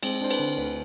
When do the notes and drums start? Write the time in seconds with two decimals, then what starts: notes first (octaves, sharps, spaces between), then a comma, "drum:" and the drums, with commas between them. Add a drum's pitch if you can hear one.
0.03 G#3 C4, drum: cymbal
0.21 D4 C5
0.30 B4, drum: cymbal
0.39 D3
0.58 D2 B4